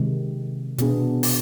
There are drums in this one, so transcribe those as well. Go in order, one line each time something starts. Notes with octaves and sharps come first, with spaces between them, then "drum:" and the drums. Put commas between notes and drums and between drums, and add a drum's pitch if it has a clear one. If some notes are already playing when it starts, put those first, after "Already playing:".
Already playing: C3 D#3 G#3
B2 B3 D4 G#4, drum: hi-hat
drum: open hi-hat